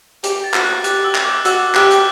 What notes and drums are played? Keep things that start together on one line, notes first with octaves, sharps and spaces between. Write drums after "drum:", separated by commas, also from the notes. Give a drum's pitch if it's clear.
G4, drum: hi-hat
A6
F#4, drum: clap
F#6
G4 F#6, drum: hi-hat
E6
drum: clap
D6
F#4 E6, drum: hi-hat
G4 F#6, drum: clap
drum: hi-hat